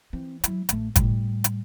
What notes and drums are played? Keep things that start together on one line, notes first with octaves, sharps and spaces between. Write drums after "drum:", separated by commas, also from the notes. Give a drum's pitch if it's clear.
E3 C4
F#3 E4, drum: hi-hat
A1 A3, drum: hi-hat
A2 G3, drum: kick G1, hi-hat
drum: hi-hat